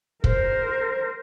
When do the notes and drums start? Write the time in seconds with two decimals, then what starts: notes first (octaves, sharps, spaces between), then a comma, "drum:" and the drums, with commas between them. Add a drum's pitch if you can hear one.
0.24 A#4 C5, drum: kick